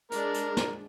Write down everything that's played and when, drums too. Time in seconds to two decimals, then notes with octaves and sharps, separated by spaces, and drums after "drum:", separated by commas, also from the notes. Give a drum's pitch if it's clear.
0.12 G#3 D4 A#4, drum: hi-hat
0.34 drum: hi-hat
0.57 drum: snare